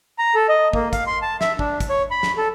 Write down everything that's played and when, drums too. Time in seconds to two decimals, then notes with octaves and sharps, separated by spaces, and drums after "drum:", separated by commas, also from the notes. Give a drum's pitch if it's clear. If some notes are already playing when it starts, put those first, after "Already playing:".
0.19 A#5
0.35 A4
0.49 D#5
0.73 A#3, drum: kick
0.93 F5, drum: kick, hi-hat
1.07 C6
1.22 A5
1.41 E5, drum: snare
1.59 D4, drum: kick
1.80 drum: kick, hi-hat
1.90 C#5
2.11 B5
2.23 drum: snare
2.38 A4